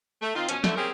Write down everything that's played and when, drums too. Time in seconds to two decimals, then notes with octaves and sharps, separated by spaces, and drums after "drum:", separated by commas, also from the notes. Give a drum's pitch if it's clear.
0.22 A3
0.35 D#3 C4 D#4 F4
0.49 F#2 B2 F3 C#4, drum: hi-hat
0.64 D3 A3, drum: snare
0.76 A#3 C4 C#4 G4 G#4 A#4